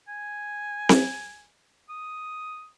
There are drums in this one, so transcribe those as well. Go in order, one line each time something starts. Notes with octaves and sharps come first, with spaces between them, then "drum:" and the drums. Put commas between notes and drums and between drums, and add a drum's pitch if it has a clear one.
G#5
drum: snare C4
D#6